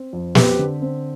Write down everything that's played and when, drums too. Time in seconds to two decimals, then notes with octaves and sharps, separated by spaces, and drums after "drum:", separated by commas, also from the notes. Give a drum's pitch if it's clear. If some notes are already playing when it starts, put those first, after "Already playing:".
Already playing: C4
0.13 F2
0.35 C4 G4 B4, drum: snare
0.59 D3
0.82 C4